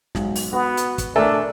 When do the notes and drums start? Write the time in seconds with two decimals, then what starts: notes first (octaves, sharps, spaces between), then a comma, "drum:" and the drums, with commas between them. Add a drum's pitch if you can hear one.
0.15 B1 G#2, drum: snare
0.36 drum: open hi-hat
0.53 B3 F#4
0.77 drum: hi-hat
0.98 drum: kick, hi-hat
1.16 A3 D4 A4 A#4 D5 E5 G#5